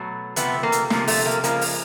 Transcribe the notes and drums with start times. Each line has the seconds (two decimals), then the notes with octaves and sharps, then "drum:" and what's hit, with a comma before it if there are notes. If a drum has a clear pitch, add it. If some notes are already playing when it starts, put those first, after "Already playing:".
Already playing: B2 F#3 A3
0.36 C3 F3 A3 B3, drum: hi-hat
0.63 A#3
0.72 drum: hi-hat
0.90 C3 F3 A3 A#3, drum: snare
1.08 A3, drum: open hi-hat
1.26 A#3
1.44 C#3 F3 G#3 A#3, drum: hi-hat
1.61 drum: open hi-hat